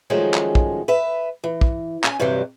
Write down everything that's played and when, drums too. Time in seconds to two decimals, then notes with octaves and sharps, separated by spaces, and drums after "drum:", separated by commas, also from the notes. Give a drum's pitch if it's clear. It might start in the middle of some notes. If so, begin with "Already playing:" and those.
0.10 D#3 F3 F#3 G#3 A3 C#4
0.34 drum: clap
0.55 drum: kick
0.88 B4 E5
1.44 E3
1.61 drum: kick
2.04 C#4 G#5, drum: clap
2.19 G2 C3 E3 F#3 G3